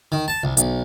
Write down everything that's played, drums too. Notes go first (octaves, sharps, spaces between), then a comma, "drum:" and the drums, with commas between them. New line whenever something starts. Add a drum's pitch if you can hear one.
D#3
A5
C2
B1, drum: hi-hat